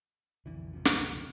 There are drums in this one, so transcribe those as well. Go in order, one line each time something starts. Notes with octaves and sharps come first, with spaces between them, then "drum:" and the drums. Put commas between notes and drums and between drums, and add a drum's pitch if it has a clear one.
B1 F2 B2 D3 E3
C#2 C3 F3
drum: snare